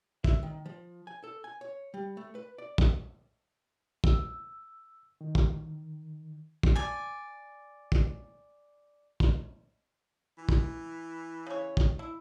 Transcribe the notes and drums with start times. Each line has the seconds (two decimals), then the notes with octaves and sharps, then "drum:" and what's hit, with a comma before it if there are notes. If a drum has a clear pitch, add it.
0.24 E5, drum: kick
0.43 D#3
0.66 F3
1.07 G#5
1.24 A4
1.44 G#5
1.61 C#5
1.94 G3
2.17 A3
2.35 B4
2.58 D5
2.78 drum: kick
4.04 E6, drum: kick
5.21 D#3
5.35 drum: kick
6.63 drum: kick
6.76 D5 G#5
7.92 drum: kick
9.20 drum: kick
10.38 E3
10.49 drum: kick
11.46 C#3 C#5
11.77 drum: kick
11.99 E4